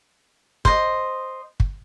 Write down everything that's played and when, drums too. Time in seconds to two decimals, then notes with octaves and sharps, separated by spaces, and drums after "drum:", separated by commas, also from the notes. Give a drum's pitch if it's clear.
0.65 C5 D#5, drum: kick
1.60 drum: kick